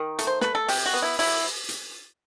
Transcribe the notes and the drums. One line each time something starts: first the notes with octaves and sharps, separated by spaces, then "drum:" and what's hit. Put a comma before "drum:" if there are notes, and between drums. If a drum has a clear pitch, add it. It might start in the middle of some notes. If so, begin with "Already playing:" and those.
Already playing: D#3
A3, drum: hi-hat
C5
A3 B4, drum: snare
A4
C3 G4, drum: open hi-hat
F#4
B3
E4
F#3 E4, drum: open hi-hat
drum: hi-hat